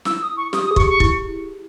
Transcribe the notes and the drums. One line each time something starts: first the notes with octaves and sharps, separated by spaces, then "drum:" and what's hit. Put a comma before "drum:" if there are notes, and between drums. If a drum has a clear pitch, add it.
E4 E6, drum: snare
D#6
C#6
G4 D#6, drum: snare
D#6
G#4
G4 C#6, drum: kick
C#6
E4, drum: kick